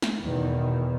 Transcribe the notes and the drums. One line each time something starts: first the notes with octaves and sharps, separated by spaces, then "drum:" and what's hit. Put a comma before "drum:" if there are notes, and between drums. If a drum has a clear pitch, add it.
drum: snare
E2 B2 D#3 E3